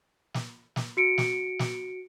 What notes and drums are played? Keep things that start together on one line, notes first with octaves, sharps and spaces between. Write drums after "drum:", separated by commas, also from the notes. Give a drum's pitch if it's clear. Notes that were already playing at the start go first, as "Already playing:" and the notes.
drum: snare
drum: snare
F#4 C#7 D7
drum: snare
drum: snare